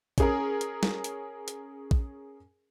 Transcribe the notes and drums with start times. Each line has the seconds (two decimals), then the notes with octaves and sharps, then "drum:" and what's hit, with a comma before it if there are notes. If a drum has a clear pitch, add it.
0.18 C#4 G#4 A#4, drum: kick A#1, hi-hat
0.61 drum: hi-hat
0.83 drum: snare
1.04 drum: hi-hat
1.48 drum: hi-hat
1.91 drum: kick A#1